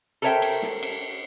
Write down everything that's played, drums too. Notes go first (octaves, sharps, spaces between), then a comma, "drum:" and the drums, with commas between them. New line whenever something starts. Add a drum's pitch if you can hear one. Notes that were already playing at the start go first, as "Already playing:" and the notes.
A4 A#4 C5 C#5 E5 G5
drum: cymbal
drum: snare
drum: cymbal